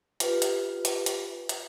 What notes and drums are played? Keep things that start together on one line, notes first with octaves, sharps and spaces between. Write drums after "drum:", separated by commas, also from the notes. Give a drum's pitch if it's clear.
F4 G4 B4, drum: hi-hat
drum: hi-hat
drum: hi-hat
drum: hi-hat
drum: hi-hat